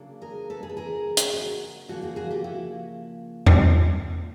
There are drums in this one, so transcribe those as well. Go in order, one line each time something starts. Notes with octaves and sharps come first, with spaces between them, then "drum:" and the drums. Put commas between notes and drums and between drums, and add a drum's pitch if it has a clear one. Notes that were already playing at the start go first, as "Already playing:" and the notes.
Already playing: C#3 F#3 A#3 D4
G#4 A#4
A4 B4
G#4
A4
G#4 A#4
drum: hi-hat
F#4 G#4
C#3 F3 A#3 F#4 G#4
F#4 G#4
F#4 G#4
F4 G4
E4 F#4
drum: tom E2